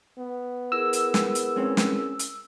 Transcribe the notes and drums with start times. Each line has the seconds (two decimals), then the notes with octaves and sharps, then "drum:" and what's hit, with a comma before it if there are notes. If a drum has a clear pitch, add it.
0.18 B3
0.72 E4 G#4 A#4 E6
0.93 drum: hi-hat
1.14 drum: snare
1.35 drum: hi-hat
1.56 G#3 C4 C#4
1.77 drum: snare
2.19 drum: hi-hat